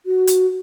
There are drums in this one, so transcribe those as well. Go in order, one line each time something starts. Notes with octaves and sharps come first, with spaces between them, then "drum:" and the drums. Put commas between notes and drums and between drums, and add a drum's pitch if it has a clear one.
F#4
drum: hi-hat